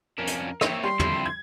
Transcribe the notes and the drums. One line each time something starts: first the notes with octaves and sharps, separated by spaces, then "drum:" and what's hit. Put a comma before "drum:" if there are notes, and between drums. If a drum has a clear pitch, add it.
F2 C#4 D4 A#4
drum: hi-hat
A#3 C4 C#5 E5 G5, drum: rim click
G3 G4 C6
F2 D3 E4, drum: tom
G#6